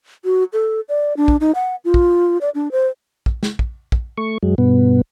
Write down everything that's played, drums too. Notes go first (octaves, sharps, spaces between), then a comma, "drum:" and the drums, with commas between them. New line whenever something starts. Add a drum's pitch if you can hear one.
F#4
A4
D5
D4
drum: kick
D#4
F#5
F4
drum: kick
D5
D4
C5
drum: kick
drum: snare
drum: kick
drum: kick
A3 C#6
F#2 F#3 G#3
G2 B2 B3